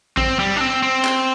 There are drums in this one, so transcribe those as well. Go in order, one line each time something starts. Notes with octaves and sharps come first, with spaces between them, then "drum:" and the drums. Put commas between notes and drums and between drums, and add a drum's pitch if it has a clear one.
C4, drum: kick A1
G3
D4
C4
C4
drum: clap